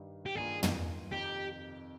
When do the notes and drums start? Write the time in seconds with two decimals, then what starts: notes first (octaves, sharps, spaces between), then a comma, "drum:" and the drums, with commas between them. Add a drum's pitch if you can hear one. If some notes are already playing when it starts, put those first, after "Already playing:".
Already playing: G2 D#3 G3
0.26 G4
0.35 G2 D#3 A#3 D4 F4 G#4
0.63 drum: tom
1.12 F2 C3 D#3 G4